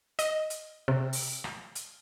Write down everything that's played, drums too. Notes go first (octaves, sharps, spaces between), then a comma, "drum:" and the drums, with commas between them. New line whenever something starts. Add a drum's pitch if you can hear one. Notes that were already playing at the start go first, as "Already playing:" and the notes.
D#5, drum: hi-hat
drum: hi-hat
C3
drum: open hi-hat
drum: rim click
drum: hi-hat